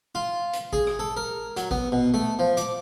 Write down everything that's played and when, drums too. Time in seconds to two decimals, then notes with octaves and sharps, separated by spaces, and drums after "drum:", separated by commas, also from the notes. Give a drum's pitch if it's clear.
0.15 F4
0.53 drum: hi-hat
0.73 G#4, drum: kick G#1
0.87 drum: rim click
0.99 A4
1.17 A#4
1.57 F#3, drum: hi-hat
1.71 B3, drum: kick G#1
1.92 B2
2.14 A3
2.39 F3
2.57 D6, drum: hi-hat